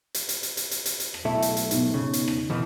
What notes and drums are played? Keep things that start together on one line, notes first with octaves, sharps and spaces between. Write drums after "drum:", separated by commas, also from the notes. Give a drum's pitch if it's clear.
drum: hi-hat
drum: hi-hat
drum: hi-hat
drum: hi-hat
drum: hi-hat
drum: hi-hat
drum: hi-hat
drum: rim click
B1 A3 E4
drum: hi-hat
drum: hi-hat
G#2 B2, drum: hi-hat
C#3
drum: hi-hat
drum: rim click
B2 D#3 E3